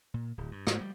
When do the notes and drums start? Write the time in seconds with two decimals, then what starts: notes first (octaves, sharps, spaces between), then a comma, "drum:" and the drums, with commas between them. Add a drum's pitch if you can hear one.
0.14 A#2
0.38 D1
0.51 G2
0.67 G#2, drum: rim click
0.81 G3